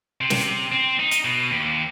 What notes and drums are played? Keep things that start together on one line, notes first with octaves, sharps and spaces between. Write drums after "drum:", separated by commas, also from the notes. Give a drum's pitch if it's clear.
C3
drum: snare
C4
D#4
drum: hi-hat
B2
D#2